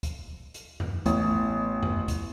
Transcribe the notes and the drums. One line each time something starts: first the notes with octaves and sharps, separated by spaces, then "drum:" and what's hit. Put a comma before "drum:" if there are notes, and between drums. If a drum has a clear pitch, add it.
drum: kick C#2, hi-hat
drum: hi-hat
drum: tom E2
A1 A3 B3, drum: kick C#2, hi-hat
drum: tom E2
drum: kick C#2, hi-hat